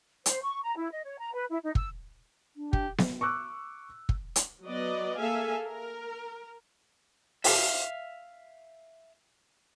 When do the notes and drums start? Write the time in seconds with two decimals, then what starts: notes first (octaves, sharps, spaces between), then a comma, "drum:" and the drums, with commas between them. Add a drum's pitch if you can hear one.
0.26 C5, drum: hi-hat
0.42 C#6
0.63 A#5
0.77 E4
0.92 D#5
1.04 C#5
1.19 A#5
1.34 B4
1.50 E4
1.64 D#4
1.75 E6, drum: kick
2.57 D4
2.73 G4, drum: kick
2.98 drum: snare B3
3.21 C#6 D6 E6 F#6
4.09 drum: kick
4.36 drum: hi-hat
4.64 F#3 B3 D5 D#5
5.18 A#3 G#4 A4 E5 F5 G#5
5.66 A#4
7.44 E5 F5, drum: open hi-hat